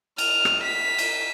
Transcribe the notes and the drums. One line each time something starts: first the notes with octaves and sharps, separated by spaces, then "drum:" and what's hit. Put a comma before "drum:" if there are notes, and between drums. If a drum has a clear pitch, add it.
F6, drum: cymbal
drum: rim click
B6
drum: cymbal